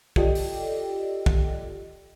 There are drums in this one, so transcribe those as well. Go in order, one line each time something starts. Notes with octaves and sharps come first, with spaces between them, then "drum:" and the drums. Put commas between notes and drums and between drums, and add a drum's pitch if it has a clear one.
F4 G4 A4 D5 D#5 G5, drum: kick
drum: open hi-hat
drum: kick